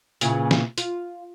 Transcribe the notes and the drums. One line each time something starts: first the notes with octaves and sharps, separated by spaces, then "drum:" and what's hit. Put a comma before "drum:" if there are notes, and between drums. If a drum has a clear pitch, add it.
A#2 C#3 E3, drum: hi-hat
drum: snare
F4, drum: hi-hat